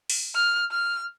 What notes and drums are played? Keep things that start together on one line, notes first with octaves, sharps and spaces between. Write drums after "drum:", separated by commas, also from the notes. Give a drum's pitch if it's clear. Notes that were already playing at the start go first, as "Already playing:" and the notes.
drum: open hi-hat
F6
F6